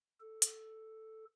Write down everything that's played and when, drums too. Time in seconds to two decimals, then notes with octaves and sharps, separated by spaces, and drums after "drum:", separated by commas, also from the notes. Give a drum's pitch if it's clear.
0.20 A4
0.42 drum: hi-hat